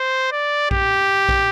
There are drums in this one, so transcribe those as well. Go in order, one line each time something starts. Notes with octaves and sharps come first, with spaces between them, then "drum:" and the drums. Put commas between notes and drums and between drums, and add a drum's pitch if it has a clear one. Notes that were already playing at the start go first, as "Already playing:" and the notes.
Already playing: C5
D5
G4, drum: kick A#1
drum: kick A#1